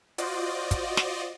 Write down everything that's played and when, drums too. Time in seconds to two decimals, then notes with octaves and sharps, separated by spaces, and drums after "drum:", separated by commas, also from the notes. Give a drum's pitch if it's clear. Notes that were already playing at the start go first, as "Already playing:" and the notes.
0.18 F4 F#4 C5 D5 D#5, drum: hi-hat
0.71 drum: kick, hi-hat
0.97 drum: snare